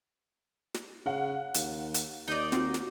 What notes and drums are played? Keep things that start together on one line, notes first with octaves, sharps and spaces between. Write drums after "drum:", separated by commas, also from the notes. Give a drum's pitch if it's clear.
drum: snare
C#3 F5 F#5
D#2, drum: hi-hat
drum: hi-hat
D#2 D#4 D5 D#5 D#6 G6
C4 F4 F#4, drum: snare
drum: snare